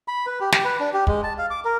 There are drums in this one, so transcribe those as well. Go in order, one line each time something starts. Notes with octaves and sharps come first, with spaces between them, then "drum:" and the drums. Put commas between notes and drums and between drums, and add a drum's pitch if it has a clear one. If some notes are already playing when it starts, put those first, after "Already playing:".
B5
B4
G4
G4, drum: snare
B4
D4
G4
G#3, drum: kick
A5
F5
D6
A#4